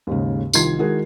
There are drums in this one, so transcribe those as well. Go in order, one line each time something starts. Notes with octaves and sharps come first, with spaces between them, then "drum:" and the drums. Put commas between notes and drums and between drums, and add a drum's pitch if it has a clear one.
D#2 G#2 C#3
C2 D#3 F3 C6 G#6 C7, drum: tambourine
D#3 G#3 E4 F#4 G#4 A#4